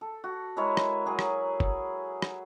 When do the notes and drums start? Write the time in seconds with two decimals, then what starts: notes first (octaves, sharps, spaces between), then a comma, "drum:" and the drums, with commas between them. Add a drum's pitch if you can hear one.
0.01 A4
0.24 F#4
0.57 G#3 E4 A#4 C#5
0.77 drum: rim click
1.06 F#3 G#4
1.19 drum: rim click
1.60 drum: kick
2.22 drum: rim click